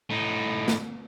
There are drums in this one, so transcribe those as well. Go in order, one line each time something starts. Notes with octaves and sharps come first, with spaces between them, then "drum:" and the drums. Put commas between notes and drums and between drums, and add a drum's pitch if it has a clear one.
A2 D#4
drum: snare